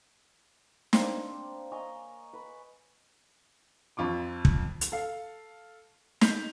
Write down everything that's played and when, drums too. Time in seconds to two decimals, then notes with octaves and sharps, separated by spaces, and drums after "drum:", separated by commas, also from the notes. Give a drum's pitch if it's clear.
0.93 A#3 C4 D4, drum: snare
1.72 C#5 D#5 G#5 A#5
2.33 B4
3.97 F2 F4 C#6 D6
4.45 drum: kick
4.81 drum: hi-hat
4.92 A4 F5
6.21 G6 B6 F7, drum: snare